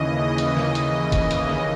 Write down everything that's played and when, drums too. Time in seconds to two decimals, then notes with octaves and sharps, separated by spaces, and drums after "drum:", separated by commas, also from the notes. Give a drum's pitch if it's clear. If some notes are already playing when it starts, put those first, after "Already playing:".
Already playing: D#2 C#3 E3 D#5
0.38 drum: hi-hat
0.57 drum: snare
0.75 drum: hi-hat
1.12 drum: kick G1, hi-hat
1.31 drum: hi-hat
1.49 drum: snare